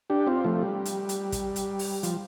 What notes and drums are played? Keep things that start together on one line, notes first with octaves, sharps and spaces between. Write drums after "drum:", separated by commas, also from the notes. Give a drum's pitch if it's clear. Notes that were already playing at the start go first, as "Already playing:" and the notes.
D4 G4
C4 F4
F3 A3
G3
drum: hi-hat
drum: hi-hat
drum: kick, hi-hat
drum: hi-hat
drum: open hi-hat
F3, drum: hi-hat